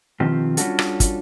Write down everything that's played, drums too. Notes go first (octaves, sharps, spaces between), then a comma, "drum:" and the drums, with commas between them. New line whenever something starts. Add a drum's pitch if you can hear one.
B2 D#3 F3 C4 F4 G4
G3 C#4 D4 F4 F#4 A4, drum: hi-hat
drum: rim click
drum: kick, hi-hat